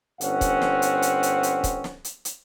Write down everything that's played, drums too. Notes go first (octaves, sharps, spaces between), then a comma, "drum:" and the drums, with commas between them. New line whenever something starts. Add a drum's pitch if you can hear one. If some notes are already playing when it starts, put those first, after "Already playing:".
G1 C4 C#4 F#5, drum: hi-hat
drum: kick, hi-hat
drum: snare
drum: hi-hat
drum: hi-hat
drum: hi-hat
drum: hi-hat
drum: kick, hi-hat
drum: snare
drum: hi-hat
drum: hi-hat